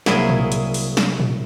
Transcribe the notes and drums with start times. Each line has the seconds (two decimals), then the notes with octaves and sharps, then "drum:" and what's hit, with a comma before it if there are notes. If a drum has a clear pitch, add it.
0.06 C2 F#3 A#3 E4 G#4, drum: snare
0.29 drum: tom
0.52 drum: hi-hat
0.74 drum: open hi-hat
0.97 drum: snare
1.20 drum: tom